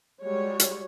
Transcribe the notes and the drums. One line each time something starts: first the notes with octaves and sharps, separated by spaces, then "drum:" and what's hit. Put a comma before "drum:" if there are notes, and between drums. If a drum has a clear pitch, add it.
G3 G#3 F#4 C#5
drum: hi-hat